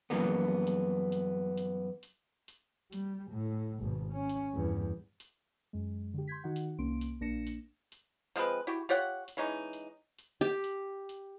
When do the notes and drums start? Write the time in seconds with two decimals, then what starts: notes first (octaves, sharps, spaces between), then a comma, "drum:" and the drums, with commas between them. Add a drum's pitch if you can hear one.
0.10 F#2 B2 E3 G3 A#3 B3
0.67 drum: hi-hat
1.12 drum: hi-hat
1.57 drum: hi-hat
2.03 drum: hi-hat
2.48 drum: hi-hat
2.92 G3, drum: hi-hat
3.31 A2
3.79 G#1 B2
4.14 C#4
4.29 drum: hi-hat
4.55 E2 G2
5.20 drum: hi-hat
5.73 F#2 G#3
6.14 D3 G4
6.28 C6 G6 G#6 B6
6.44 D#3 D#4 F#4 F#5
6.56 drum: hi-hat
6.78 C2 A#3 C#4 C6 D7
7.01 drum: hi-hat
7.20 A#1 A#3 D4 A#6 C#7 E7
7.46 drum: hi-hat
7.92 drum: hi-hat
8.36 F3 G#3 C4 B4
8.67 E4 F#4 G4
8.89 F4 G4 C#5 F#5
9.28 drum: hi-hat
9.37 E3 G#3 C#4 D#4
9.73 drum: hi-hat
10.18 drum: hi-hat
10.41 G4
10.64 drum: hi-hat
11.09 drum: hi-hat